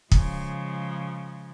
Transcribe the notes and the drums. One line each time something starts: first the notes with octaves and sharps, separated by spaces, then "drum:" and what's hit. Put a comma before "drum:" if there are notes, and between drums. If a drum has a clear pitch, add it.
C#3 F3 G#3, drum: kick